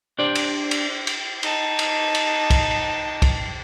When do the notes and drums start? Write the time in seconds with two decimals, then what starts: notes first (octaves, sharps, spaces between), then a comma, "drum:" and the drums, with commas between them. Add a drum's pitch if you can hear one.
0.19 D4 G4 C5 D5
0.35 drum: cymbal
0.71 drum: cymbal
1.07 drum: cymbal
1.43 D#4 A5, drum: cymbal
1.79 drum: cymbal
2.15 drum: cymbal
2.50 drum: kick, cymbal
3.22 drum: kick, cymbal